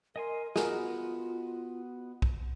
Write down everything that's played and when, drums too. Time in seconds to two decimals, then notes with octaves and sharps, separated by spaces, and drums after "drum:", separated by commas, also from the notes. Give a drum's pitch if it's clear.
0.16 A#4 D#5 G#5 C6
0.56 B3 F4 F#4 G#4 A#4 D#5, drum: snare
2.22 drum: kick B1